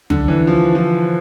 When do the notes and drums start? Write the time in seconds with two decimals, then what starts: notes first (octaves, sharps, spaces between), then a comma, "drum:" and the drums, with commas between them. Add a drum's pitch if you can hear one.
0.10 D3, drum: tom
0.28 E3
0.47 F3
0.75 F3